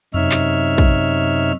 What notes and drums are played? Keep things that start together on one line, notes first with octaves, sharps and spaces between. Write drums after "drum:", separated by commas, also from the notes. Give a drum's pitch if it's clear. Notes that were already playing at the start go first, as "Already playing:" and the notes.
F#2 C3 D#4 C#5 E5 F6, drum: tom F2
drum: clap
drum: kick